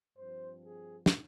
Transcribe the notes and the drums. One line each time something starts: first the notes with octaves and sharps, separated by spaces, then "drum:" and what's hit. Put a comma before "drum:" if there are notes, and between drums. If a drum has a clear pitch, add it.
G2 F3 C4 C5
G#4
drum: snare